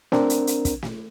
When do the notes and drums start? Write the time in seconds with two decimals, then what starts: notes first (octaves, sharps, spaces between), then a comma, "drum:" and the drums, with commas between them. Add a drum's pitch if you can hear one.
0.12 C4 D4 A#4, drum: snare
0.30 drum: hi-hat
0.47 drum: hi-hat
0.65 drum: kick, hi-hat
0.82 drum: snare